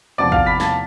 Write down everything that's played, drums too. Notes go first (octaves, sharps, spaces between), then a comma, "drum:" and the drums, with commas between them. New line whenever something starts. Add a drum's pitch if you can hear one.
E2 C3 F3 D5 D6
F5 F6, drum: kick
B5 B6
A5 A6, drum: snare